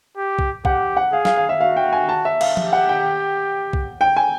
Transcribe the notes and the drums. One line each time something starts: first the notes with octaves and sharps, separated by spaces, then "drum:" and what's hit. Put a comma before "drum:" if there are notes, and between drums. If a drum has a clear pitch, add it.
G4
drum: kick B1
G4 F#5, drum: kick B1
F#5
G#4 F5
F5, drum: snare
F5
E5
F#4 F5
G5
G#5
A5
E5
F5, drum: cymbal
G4, drum: tom F3
F#5
G5
drum: kick B1
G5
G#5